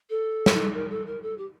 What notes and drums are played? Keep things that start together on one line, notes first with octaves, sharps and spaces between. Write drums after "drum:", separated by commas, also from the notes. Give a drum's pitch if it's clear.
A4
drum: snare
A#4
A4
A#4
A4
G4